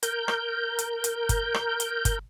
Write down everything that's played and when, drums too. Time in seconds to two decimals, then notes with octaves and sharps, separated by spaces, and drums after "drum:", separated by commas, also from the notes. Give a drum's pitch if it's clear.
0.03 A#4 G6, drum: hi-hat
0.28 drum: rim click
0.79 drum: hi-hat
1.04 drum: hi-hat
1.29 drum: kick G1, hi-hat
1.54 drum: rim click
1.80 drum: hi-hat
2.05 drum: kick G1, hi-hat